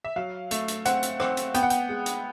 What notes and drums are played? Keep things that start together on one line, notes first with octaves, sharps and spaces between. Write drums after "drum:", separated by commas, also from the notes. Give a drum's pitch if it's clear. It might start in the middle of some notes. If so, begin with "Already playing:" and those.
E5
F#3 F5
A3, drum: hi-hat
drum: hi-hat
C4 F#5, drum: hi-hat
drum: hi-hat
C4, drum: rim click
drum: hi-hat
B3 G5, drum: hi-hat
F#5
G5, drum: hi-hat
G#3
drum: hi-hat